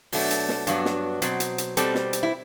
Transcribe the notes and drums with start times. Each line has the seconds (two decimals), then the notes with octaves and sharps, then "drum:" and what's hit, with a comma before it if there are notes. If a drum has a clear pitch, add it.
0.12 B2 F#3 A3 D4, drum: open hi-hat
0.31 drum: hi-hat
0.49 drum: snare
0.67 G2 F#3 B3 D4, drum: hi-hat
0.85 drum: snare
1.22 B2 F#3 C4, drum: hi-hat
1.40 drum: hi-hat
1.58 drum: hi-hat
1.77 B2 G3 C4 A4, drum: hi-hat
1.95 drum: snare
2.13 drum: hi-hat
2.23 E4